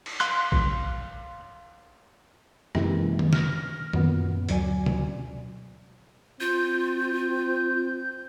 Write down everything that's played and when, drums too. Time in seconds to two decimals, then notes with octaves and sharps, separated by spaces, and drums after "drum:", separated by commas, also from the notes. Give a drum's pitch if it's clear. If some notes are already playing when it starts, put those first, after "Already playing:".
0.06 drum: cymbal
0.20 F5 C6 F#6, drum: hi-hat
0.52 drum: kick A#1
2.75 F#2 C3 E3 G#3 A#3 C4, drum: rim click
3.19 drum: tom D#3
3.33 F6 A#6, drum: snare
3.93 F#2 A#2 B3, drum: tom D#3
4.49 D2 F#3 D5 G#5, drum: hi-hat
4.86 drum: tom B2
6.40 C4 F4 G6